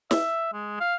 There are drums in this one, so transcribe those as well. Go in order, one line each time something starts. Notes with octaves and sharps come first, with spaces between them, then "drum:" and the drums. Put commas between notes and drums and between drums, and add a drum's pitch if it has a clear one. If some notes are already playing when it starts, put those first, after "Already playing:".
E5, drum: snare
G#3
F5